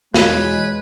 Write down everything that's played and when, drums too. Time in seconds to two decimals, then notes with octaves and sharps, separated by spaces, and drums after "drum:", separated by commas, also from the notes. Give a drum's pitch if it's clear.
0.14 E2 B2 G#3 B4 C#5 G#6, drum: snare